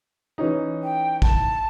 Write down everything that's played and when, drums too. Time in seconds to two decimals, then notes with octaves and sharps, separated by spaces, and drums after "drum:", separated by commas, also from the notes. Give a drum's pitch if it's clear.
0.38 E3 C#4 D#4
0.84 G5
1.22 A5, drum: kick A1